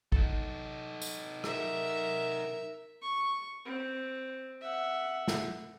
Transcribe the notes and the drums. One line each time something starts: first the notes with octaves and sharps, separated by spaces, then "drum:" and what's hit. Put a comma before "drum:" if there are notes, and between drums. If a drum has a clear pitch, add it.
D#4 A4, drum: kick A1
drum: tambourine
A#4 E5, drum: rim click
C#6
C4
E5 F#5
drum: snare